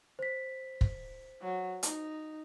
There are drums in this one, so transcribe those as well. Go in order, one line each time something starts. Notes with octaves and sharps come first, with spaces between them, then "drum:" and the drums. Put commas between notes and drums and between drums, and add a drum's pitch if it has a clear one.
C5 B6
drum: kick
F#3
D#4, drum: hi-hat